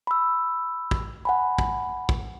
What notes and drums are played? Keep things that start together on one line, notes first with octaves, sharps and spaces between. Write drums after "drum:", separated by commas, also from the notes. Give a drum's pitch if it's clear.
B5 E6
drum: kick
F#5 G#5 B5
drum: kick
drum: kick